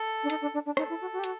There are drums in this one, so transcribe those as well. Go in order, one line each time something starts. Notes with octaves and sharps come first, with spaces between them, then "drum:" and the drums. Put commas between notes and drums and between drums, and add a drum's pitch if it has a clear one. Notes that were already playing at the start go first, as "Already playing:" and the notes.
Already playing: A4
D4
D#4, drum: hi-hat
D4
D4
D4
D#4 A4, drum: rim click
E4
F#4
F#4
G4
F#4, drum: hi-hat